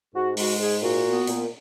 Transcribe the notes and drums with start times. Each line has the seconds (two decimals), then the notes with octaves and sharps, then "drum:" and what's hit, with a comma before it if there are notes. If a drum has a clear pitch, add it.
0.14 G#2 F#4
0.37 G#3 F#4, drum: open hi-hat
0.59 G#2 G#4
0.82 A#2 F#4
1.04 B3
1.27 A#2, drum: hi-hat